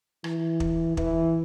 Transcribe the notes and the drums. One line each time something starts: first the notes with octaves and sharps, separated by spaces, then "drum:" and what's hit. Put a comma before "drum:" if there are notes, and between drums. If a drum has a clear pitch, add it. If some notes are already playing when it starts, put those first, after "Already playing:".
E3, drum: rim click
drum: kick
E3, drum: kick